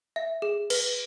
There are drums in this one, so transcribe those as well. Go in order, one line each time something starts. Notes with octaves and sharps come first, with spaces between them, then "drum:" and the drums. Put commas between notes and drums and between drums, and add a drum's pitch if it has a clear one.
E5
G#4
B4, drum: cymbal